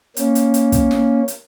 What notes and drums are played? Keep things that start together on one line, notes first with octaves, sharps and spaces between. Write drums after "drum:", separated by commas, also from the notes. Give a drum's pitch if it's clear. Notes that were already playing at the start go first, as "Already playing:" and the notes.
A#3 C#4, drum: hi-hat
drum: hi-hat
drum: hi-hat
drum: kick, hi-hat
drum: snare
drum: hi-hat